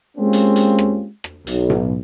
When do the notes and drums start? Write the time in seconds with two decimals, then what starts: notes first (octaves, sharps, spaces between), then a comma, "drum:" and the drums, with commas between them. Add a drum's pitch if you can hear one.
0.17 G#3 A#3 C4 C#4 F4 G4
0.33 drum: hi-hat
0.56 drum: hi-hat
0.79 drum: rim click
1.24 drum: rim click
1.47 B1, drum: hi-hat
1.70 drum: tom A2